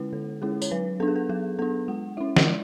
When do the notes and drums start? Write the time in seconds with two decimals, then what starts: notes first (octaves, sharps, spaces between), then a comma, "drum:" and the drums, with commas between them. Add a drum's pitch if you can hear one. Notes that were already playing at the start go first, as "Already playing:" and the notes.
Already playing: D3 G#3 C#4 E4 B4
0.13 D3 A4
0.42 G#3 C#4 E4 G#4
0.62 C#5, drum: tambourine
0.71 F#3 B4
1.00 B3 D4 A4
1.08 G#4
1.16 A4
1.29 F#3 G#4
1.59 B3 D4 A4
1.88 G#3 F#5
2.17 C#4 E4 E5
2.36 drum: snare
2.46 G#3 D5